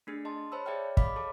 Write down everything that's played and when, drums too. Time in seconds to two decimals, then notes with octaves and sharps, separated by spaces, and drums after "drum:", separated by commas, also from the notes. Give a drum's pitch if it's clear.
0.07 A3 D4 G#4 F6
0.25 G#4 D#5 A5 C6
0.52 C5 C#5 A5 B5 E6
0.66 G#4 C#5 D5 E5 G5 F6
0.97 D#5 F5 B5 D6 F6 B6, drum: kick
1.16 G#4 A4 C#5 D#5 A5 D6